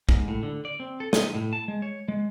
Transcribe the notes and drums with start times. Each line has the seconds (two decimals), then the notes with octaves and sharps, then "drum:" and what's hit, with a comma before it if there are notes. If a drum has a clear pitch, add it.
0.09 G#2, drum: kick
0.28 A2
0.43 D3
0.65 D5
0.80 C4
1.00 A4
1.13 D#5, drum: snare
1.34 A2
1.53 A5
1.68 G#3
1.82 C#5
2.08 G#3